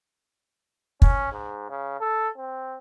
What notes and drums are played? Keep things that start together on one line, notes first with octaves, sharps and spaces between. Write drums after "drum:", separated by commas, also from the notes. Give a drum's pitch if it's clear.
C#4, drum: kick
G#2
C#3
A4
C4